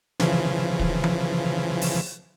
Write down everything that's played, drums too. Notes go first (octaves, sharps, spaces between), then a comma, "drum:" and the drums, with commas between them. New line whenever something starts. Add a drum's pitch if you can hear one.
C#3 E3 F3, drum: snare
drum: kick
drum: tom E3
drum: open hi-hat